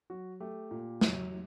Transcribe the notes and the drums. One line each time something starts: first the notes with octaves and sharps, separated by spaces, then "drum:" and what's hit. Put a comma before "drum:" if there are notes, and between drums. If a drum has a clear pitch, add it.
F#3 F#4
A3 G4
A#2
F#3, drum: snare